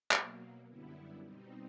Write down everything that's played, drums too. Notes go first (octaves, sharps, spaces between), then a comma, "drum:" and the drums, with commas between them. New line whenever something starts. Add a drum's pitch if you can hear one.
B2 F#3 A#3, drum: clap
F#2 D3 G3 B3 E4
B2 G3 C4 D#4